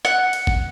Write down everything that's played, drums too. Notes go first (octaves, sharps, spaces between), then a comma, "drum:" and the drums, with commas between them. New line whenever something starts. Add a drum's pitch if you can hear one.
F#5, drum: rim click
drum: cymbal
drum: kick G1